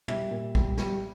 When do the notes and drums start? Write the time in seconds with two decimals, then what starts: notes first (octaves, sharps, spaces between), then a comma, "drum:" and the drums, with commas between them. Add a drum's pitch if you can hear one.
0.08 G3 E5, drum: tom
0.31 A#2
0.55 G3, drum: kick
0.77 G3, drum: snare